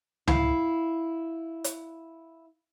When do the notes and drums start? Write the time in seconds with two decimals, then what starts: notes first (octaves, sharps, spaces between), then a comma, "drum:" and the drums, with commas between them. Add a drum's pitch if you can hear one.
0.27 E4 F5, drum: tom C#2
1.64 drum: hi-hat